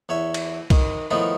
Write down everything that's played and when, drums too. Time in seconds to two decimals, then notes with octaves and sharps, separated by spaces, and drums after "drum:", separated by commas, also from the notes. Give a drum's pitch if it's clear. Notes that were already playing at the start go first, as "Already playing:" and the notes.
0.09 E2 C#5 E5
0.34 drum: cymbal
0.70 D#3, drum: kick, cymbal
1.11 A2 D#3 F3 B3 D#4 F4